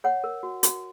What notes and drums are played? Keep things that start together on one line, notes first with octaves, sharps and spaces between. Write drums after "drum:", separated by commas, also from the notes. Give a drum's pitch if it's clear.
C#5 F#5
A#4
F#4
F#4, drum: hi-hat